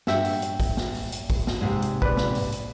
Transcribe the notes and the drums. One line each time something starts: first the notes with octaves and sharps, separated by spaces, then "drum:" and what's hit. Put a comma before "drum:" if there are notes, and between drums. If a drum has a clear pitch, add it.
G2 F#4 E5 G5, drum: snare
drum: open hi-hat
drum: hi-hat
drum: kick, open hi-hat
drum: snare
drum: open hi-hat
drum: hi-hat
drum: kick, open hi-hat
drum: snare
G#2 C3
drum: hi-hat
B4 D5, drum: kick
drum: snare
drum: open hi-hat
drum: hi-hat